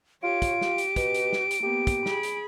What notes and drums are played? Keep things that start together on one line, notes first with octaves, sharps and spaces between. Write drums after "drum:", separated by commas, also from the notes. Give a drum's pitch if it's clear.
F4 G4 C#5 D7
drum: kick, hi-hat
G4, drum: snare
drum: hi-hat
B2, drum: kick, hi-hat
drum: hi-hat
drum: snare
drum: hi-hat
A#3 B3 G4
drum: kick, hi-hat
G#4 B5, drum: snare
drum: hi-hat